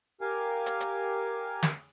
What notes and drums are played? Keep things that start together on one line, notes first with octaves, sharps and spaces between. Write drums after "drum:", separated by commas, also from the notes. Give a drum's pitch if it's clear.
G4 A#4 F5 G#5
drum: hi-hat
drum: hi-hat
drum: snare